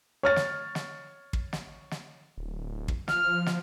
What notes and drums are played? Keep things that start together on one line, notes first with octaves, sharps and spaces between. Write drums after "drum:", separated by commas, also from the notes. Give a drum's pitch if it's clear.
C#5 F6 A6
drum: snare
drum: snare
drum: kick
drum: snare
drum: snare
D1
drum: kick
F3 F6, drum: snare
drum: snare